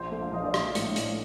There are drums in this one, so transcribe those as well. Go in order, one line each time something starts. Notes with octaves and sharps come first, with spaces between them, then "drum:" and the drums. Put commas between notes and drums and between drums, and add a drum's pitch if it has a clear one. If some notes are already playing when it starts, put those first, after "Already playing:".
Already playing: A#1 C5
A3
F5
A#1 D#5
D5 F5
A#1, drum: rim click
A2, drum: hi-hat
A2, drum: hi-hat